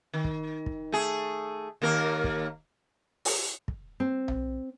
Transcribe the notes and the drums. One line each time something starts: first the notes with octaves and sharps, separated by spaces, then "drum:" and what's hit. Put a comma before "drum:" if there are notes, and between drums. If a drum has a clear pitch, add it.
D#3
drum: kick
drum: kick
A3 G#4
D#2 A#3 A#4
drum: kick
drum: open hi-hat
drum: kick
C4
drum: tom B1